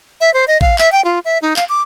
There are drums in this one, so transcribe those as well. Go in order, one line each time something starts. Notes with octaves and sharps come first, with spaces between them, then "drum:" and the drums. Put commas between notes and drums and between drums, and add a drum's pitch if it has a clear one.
E5
C5
D#5
F5, drum: kick A1
E5, drum: clap
G5
F4
E5
D#4
F5, drum: clap
D6